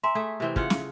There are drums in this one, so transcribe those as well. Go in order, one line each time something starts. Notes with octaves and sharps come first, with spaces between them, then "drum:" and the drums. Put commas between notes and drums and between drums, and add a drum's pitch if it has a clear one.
E5 G#5 A#5 C6
A3 G#4
C3 E3 C4
C#3 F4 F#5, drum: kick
drum: snare